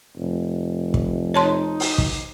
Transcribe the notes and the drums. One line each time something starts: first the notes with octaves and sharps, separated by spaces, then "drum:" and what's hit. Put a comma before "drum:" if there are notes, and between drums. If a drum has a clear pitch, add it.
F1
drum: kick
D#4 C#5 A5 C6
drum: open hi-hat
drum: kick